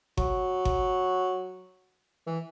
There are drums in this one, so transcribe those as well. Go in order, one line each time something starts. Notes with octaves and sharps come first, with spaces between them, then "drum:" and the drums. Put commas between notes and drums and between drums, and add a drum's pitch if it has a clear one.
F#3, drum: kick G1
drum: kick G1
E3